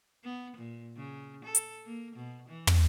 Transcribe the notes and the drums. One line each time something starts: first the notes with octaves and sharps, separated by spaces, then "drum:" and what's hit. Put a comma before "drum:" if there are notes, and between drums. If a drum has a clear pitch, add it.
B3
A#2
C#3
A4
drum: hi-hat
A#3
B2
E3
drum: tom